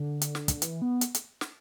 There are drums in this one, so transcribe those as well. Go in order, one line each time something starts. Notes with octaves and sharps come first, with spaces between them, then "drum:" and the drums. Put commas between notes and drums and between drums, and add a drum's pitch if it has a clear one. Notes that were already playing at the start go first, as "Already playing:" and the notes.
Already playing: D3
drum: hi-hat
drum: snare
drum: kick, hi-hat
E3, drum: hi-hat
B3
drum: hi-hat
drum: hi-hat
drum: snare